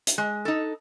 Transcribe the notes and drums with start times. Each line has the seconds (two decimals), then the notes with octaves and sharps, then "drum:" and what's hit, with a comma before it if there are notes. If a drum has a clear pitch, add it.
0.07 drum: hi-hat
0.18 G#3
0.45 D#4 A4